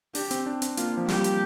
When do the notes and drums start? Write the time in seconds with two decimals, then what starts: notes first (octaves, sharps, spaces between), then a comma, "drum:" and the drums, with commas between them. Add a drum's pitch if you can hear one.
0.15 D4 G4, drum: open hi-hat
0.31 C4, drum: hi-hat
0.46 D4
0.62 C4, drum: hi-hat
0.77 A#3 F4, drum: hi-hat
0.97 F3
1.08 G3 G4, drum: snare
1.24 drum: hi-hat